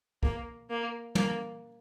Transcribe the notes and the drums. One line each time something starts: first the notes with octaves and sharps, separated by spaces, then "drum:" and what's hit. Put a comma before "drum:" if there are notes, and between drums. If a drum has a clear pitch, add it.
A#3, drum: kick
A#3
A#3, drum: tom